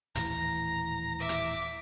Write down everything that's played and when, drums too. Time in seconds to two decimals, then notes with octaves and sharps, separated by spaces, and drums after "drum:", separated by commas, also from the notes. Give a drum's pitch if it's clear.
0.15 D#1 A2 E3 A#5, drum: hi-hat
1.19 E5 D6
1.29 drum: hi-hat